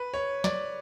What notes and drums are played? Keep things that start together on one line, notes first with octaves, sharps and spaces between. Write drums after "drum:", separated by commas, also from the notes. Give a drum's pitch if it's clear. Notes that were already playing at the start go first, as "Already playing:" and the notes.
Already playing: B4
C#5
D5, drum: snare